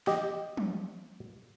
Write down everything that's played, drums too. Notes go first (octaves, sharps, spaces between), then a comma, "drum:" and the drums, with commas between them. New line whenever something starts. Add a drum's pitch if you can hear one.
G4 D#5, drum: snare
drum: tom